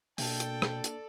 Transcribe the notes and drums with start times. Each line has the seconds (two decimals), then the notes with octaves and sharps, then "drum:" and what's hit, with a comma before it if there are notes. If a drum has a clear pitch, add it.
0.18 B2 A#3 D4 A4 D5 G5 A5, drum: open hi-hat
0.40 drum: hi-hat
0.62 drum: rim click
0.84 drum: hi-hat